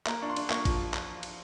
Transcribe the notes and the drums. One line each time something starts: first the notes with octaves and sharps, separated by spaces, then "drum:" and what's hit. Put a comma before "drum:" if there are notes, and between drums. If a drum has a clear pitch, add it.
A#3 A#5, drum: clap
D4 C#6
C6
D4, drum: cymbal
A#3 C#6, drum: clap
F3, drum: kick A1, cymbal
drum: clap
drum: cymbal